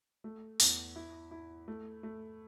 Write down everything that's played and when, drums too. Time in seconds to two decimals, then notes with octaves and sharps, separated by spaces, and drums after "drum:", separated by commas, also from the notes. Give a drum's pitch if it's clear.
0.24 A3
0.60 E2, drum: open hi-hat
0.96 E4
1.31 E4
1.68 A3
2.03 A3